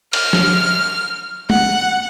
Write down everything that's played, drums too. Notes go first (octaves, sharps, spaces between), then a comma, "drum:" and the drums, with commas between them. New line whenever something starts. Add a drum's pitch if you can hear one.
F6, drum: cymbal
drum: snare
F#5, drum: tom